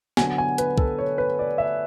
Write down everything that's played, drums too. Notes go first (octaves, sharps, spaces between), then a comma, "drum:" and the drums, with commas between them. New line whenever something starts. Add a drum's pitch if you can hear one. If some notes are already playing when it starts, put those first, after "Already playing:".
D3 F#3 B3 G#5, drum: snare
G#5
B4, drum: hi-hat
A4, drum: kick
C#5
B4
D5
E5